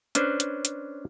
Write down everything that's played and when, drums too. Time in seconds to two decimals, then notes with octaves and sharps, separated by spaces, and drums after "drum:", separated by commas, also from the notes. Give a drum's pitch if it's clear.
0.15 C#4 D4 B4 C5, drum: hi-hat
0.40 drum: hi-hat
0.65 drum: hi-hat